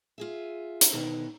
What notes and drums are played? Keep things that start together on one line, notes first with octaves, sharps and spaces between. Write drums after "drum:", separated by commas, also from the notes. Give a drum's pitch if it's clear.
F4 G#4 E5
drum: hi-hat
B2 D3 D#3